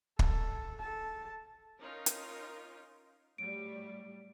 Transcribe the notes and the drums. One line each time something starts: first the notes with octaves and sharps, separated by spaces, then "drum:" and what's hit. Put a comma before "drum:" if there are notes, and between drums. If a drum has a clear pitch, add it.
A4, drum: kick
A4 A5
C#4 D#4 F4 A#4
drum: hi-hat
A2 F#3 G3 D7